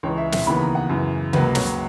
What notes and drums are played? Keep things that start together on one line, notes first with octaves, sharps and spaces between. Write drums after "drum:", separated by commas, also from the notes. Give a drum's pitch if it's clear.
C#2 C#3 E3 C#5
E5
E5, drum: snare
D#2 C#3 E3 B3 B5
A#5
F#5
F#2 C#3 E3
C#2 C#3 F#3 A#3 B4, drum: tom C3
C#5, drum: snare